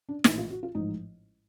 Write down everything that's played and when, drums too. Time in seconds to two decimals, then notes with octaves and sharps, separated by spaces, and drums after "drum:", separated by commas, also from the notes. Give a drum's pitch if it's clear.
0.09 D4
0.24 A#1 A2 E3 D#4, drum: snare
0.38 F4
0.50 F#4
0.63 F4
0.75 A1 G#2 F3 D#4